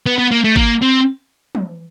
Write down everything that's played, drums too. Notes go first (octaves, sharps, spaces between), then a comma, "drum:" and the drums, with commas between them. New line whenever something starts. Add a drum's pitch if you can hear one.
B3
B3
A#3
A3
A#3, drum: kick G#1
C4
drum: tom